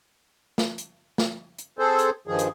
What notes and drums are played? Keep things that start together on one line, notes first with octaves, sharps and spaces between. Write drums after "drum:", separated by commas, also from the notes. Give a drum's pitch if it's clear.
drum: snare
drum: hi-hat
drum: snare
drum: hi-hat
C4 G#4 A4 C5
drum: hi-hat
G2 D#3 F3 G#4
drum: hi-hat